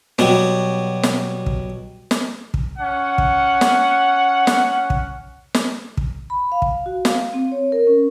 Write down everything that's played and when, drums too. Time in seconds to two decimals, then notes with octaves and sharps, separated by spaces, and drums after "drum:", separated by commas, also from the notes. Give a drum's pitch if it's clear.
0.19 B2 F#3 G3, drum: snare
1.03 drum: snare
1.46 drum: kick
2.11 drum: snare
2.54 drum: kick
2.78 C#4 F#5
3.18 drum: kick
3.61 drum: snare
4.47 drum: snare
4.90 drum: kick
5.54 drum: snare
5.97 drum: kick
6.30 B5
6.52 F5
6.62 drum: kick
6.86 F#4
7.05 F5, drum: snare
7.34 C4
7.52 C#5
7.72 A#4
7.87 C#4